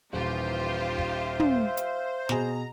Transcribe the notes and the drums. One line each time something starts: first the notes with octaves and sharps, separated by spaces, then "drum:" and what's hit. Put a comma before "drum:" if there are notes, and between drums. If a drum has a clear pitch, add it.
D#1 E3 D#4 F4 G4 C5
E5 F5, drum: kick
drum: tom
drum: hi-hat
B2 G#4 A#5, drum: snare